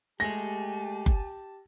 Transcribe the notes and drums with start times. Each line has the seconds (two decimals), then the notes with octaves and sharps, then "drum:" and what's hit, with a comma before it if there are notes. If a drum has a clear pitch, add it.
0.20 G#3 A3 G4 G#5 A5 A#6
1.06 drum: kick F#1